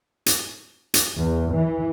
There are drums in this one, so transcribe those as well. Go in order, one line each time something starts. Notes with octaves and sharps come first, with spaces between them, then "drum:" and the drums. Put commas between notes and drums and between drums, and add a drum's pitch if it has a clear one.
drum: hi-hat
drum: hi-hat
E2
E3